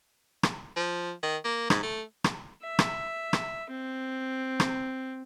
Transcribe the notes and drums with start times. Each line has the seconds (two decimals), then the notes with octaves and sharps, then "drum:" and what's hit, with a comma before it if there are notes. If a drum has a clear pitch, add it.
0.43 drum: rim click
0.76 F3
1.23 D#3
1.45 A#3
1.70 G#2, drum: rim click
1.83 A3
2.24 drum: rim click
2.63 E5
2.79 drum: rim click
3.33 drum: rim click
3.70 C4
4.60 drum: rim click